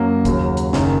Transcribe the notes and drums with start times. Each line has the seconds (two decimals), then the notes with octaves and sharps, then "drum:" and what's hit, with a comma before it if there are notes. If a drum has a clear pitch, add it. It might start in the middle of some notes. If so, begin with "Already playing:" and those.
Already playing: F#2 F#3 A#3
0.25 D#2 C#3 F#3, drum: kick, hi-hat
0.57 drum: hi-hat
0.73 F#1 F#2 D#3, drum: snare